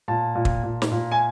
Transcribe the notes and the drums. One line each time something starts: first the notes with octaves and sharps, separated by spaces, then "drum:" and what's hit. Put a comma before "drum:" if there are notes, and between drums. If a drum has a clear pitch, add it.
A#2 A5
A#2
drum: kick
A#2
drum: snare
A#2
G#5